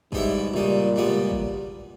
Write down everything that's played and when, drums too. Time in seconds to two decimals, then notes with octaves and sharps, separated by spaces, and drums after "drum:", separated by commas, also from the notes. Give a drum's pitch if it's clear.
0.12 G#2 B2 G3 B3 E4, drum: kick
0.54 C#2 A#2 C#3 G3
0.96 C#2 B2 G3 B3
1.31 drum: kick